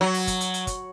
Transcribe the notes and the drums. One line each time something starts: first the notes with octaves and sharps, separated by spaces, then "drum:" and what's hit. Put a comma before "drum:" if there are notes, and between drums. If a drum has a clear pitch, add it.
F#3
drum: open hi-hat
drum: kick, hi-hat
drum: hi-hat
drum: hi-hat
drum: kick, hi-hat